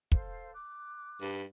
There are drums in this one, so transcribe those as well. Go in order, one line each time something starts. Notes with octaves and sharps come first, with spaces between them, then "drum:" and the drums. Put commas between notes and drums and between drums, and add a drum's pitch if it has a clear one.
A4 C5 F5, drum: kick
D6 F#6
G2